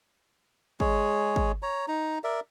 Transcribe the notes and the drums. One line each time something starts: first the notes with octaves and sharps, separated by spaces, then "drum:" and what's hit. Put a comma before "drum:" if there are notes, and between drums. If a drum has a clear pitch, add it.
G#3 G#4 C#5, drum: kick
drum: kick
C#5 A#5
D#4 A#5
A#4 D5 E5